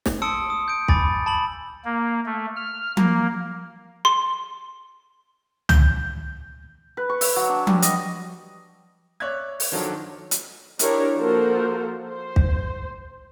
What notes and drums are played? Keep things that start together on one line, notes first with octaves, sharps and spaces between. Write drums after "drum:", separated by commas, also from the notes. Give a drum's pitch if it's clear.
drum: snare
A5 C6 D#6 E6 C#7 D7
D#6
G6 D7
G#5 B5 D6 A6, drum: kick
A5 B5 F#7
A#3
A3
F6
A#3, drum: tom F3
C6
G6, drum: tom
B4
C#6
E5, drum: open hi-hat
F#3
D4
G3, drum: tom F3
D#5, drum: hi-hat
C#5 D5 E5 F#6 G#6
drum: open hi-hat
D#3 F3 F#3 D4 F#4 A4
drum: hi-hat
D4 E4 G4 A#4 C#5, drum: hi-hat
F3 A#3 F#4 A4 A#4 C5
C5
drum: kick